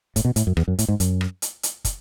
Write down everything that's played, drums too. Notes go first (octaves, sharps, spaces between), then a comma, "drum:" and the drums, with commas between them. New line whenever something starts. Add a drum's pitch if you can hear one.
A2, drum: kick, hi-hat
B2
A2, drum: hi-hat
F#2
E2, drum: rim click
F#2
A2, drum: hi-hat
G#2
F#2, drum: hi-hat
drum: rim click
drum: hi-hat
drum: hi-hat
drum: kick, hi-hat